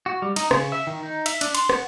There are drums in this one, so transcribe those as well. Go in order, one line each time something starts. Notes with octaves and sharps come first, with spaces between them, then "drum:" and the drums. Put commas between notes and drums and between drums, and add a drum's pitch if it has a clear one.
F#4
G3
D#4, drum: cymbal
C#3, drum: rim click
E5
D#3
D#4
E5, drum: cymbal
D4, drum: cymbal
C6, drum: cymbal
F#5, drum: rim click